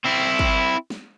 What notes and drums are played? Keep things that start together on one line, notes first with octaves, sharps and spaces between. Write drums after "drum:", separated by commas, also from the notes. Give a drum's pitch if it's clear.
C4 E4
drum: kick
drum: snare